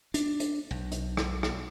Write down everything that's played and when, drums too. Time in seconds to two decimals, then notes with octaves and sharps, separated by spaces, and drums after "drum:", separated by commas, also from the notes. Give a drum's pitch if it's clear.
0.14 D4, drum: hi-hat
0.40 drum: hi-hat
0.71 B1
0.92 drum: hi-hat
1.17 drum: rim click
1.43 drum: rim click